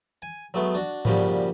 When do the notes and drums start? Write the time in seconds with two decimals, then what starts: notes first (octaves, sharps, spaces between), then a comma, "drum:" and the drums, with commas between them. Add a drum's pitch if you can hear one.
0.22 G#5
0.54 F#3 G#3 A3 B3
0.75 D4 F#4
1.05 A#2 C#3 F3 G3 F#4 G4, drum: tom G#2